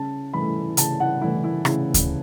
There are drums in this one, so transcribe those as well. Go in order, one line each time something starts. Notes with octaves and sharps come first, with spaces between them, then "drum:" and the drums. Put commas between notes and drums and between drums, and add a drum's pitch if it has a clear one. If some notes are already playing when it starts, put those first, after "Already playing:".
Already playing: C#3 A5
E3 A3 B5
C#3 A5, drum: hi-hat
F#5
E3 A3 E4
E4
C#3 E4, drum: rim click
drum: kick D2, hi-hat